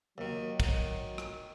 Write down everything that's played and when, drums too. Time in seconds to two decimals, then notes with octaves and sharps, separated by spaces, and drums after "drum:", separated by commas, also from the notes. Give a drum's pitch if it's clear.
0.18 D#2 D#3 F#3
0.60 D#3, drum: kick, cymbal
1.18 drum: rim click